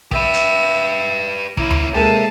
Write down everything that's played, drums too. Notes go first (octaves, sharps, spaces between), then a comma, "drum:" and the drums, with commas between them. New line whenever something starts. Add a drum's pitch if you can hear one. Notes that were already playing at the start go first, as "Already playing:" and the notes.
G4 B4 E5, drum: kick
drum: hi-hat
A#3 C#4 E4, drum: kick
drum: tom D2
G#3 A#3 G4 A4 E5 A5